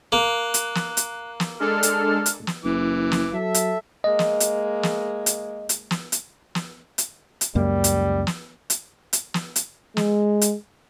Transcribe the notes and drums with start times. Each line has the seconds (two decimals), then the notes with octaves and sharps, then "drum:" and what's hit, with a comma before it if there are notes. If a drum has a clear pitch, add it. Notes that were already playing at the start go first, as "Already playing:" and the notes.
0.12 A#3 F#6
0.54 drum: hi-hat
0.75 drum: snare
0.97 drum: hi-hat
1.40 drum: snare
1.60 G#3 D4 A4 F6
1.83 drum: hi-hat
2.26 drum: hi-hat
2.47 drum: snare
2.64 F#1 E3 D6
3.12 drum: snare
3.33 F#3 A4 E5
3.54 drum: hi-hat
4.04 G#3 A#3 D#5
4.19 drum: snare
4.40 drum: hi-hat
4.83 drum: snare
5.26 drum: hi-hat
5.69 drum: hi-hat
5.91 drum: snare
6.12 drum: hi-hat
6.55 drum: snare
6.98 drum: hi-hat
7.41 drum: hi-hat
7.55 C#2 F#2 G3 A#3
7.84 drum: hi-hat
8.27 drum: snare
8.70 drum: hi-hat
9.13 drum: hi-hat
9.34 drum: snare
9.56 drum: hi-hat
9.97 G#3, drum: snare
10.41 drum: hi-hat